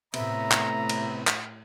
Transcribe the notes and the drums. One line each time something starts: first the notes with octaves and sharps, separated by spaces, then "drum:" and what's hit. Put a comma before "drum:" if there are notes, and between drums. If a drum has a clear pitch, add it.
A2 C3 B3 E5 A#5, drum: cymbal
drum: clap
drum: cymbal
drum: clap